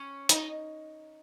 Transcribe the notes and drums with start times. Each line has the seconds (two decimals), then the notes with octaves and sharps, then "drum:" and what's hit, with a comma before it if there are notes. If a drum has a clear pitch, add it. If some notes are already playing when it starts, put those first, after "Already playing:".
Already playing: C#4
0.29 D#4, drum: hi-hat